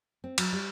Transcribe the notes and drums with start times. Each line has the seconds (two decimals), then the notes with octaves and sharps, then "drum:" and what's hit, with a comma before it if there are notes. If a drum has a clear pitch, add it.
0.24 C4
0.38 F#3, drum: cymbal
0.53 G3